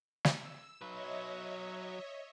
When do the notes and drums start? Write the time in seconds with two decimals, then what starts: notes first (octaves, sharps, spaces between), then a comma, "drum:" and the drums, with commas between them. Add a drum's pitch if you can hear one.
0.25 E6, drum: snare
0.82 F#3 B4 C#5 D#5 E5